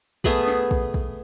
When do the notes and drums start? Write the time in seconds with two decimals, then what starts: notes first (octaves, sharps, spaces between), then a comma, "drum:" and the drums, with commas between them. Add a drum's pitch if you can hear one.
0.24 A3 B3 G#4 B4, drum: kick A#1
0.48 drum: snare
0.71 drum: kick A#1
0.94 drum: kick A#1